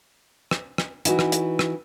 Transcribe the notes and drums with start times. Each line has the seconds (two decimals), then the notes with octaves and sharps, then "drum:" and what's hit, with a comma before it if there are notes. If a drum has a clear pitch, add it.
0.51 drum: rim click
0.78 drum: rim click
1.05 E3 D#4 F#4, drum: hi-hat
1.19 drum: rim click
1.32 drum: hi-hat
1.59 drum: rim click